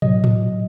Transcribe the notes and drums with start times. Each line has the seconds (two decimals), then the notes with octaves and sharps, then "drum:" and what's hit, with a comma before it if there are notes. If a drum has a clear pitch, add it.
0.02 A2 F#3 D#5, drum: tom
0.24 drum: tom A2